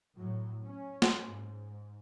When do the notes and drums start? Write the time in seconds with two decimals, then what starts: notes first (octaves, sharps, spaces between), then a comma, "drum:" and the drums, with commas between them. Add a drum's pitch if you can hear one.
0.16 A2 F#3
0.64 C#4
1.02 drum: snare
1.28 G#2